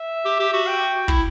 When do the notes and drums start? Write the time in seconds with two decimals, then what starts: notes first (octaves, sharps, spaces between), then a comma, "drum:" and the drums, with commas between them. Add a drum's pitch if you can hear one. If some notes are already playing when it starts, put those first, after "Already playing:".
Already playing: E5
0.25 G4
0.40 G4
0.53 F#4
0.67 G5
1.08 E4, drum: kick